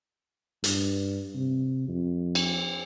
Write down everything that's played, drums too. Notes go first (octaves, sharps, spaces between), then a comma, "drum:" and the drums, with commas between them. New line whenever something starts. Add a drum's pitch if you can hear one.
G2, drum: hi-hat
C3
F2
drum: cymbal